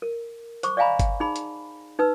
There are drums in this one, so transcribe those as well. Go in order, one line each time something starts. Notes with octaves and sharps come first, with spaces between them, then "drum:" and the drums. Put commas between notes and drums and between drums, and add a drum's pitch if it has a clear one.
A#4
C5 C#6 D6, drum: hi-hat
D5 D#5 F5 G#5 A#5 B5
drum: kick G1, hi-hat
D#4 G#4 B5
drum: hi-hat
D#4 B4 E6